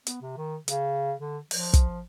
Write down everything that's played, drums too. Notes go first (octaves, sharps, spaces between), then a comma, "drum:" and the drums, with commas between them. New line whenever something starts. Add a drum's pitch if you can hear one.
B3, drum: hi-hat
C3
D#3
C#3, drum: hi-hat
D3
F3, drum: open hi-hat
drum: kick, hi-hat